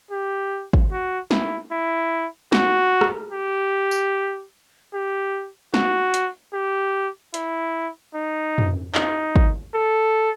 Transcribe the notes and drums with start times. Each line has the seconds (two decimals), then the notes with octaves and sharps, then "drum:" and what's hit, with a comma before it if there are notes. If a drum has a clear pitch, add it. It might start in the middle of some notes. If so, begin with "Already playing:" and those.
0.11 G4
0.73 drum: kick
0.92 F#4
1.31 E4, drum: snare
1.71 E4
2.52 F#4, drum: snare
3.01 drum: rim click
3.32 G4
3.91 drum: tambourine
4.93 G4
5.74 F#4, drum: snare
6.14 drum: hi-hat
6.53 G4
7.34 E4, drum: hi-hat
8.14 D#4
8.58 drum: tom
8.95 D#4, drum: clap
9.36 drum: kick
9.74 A4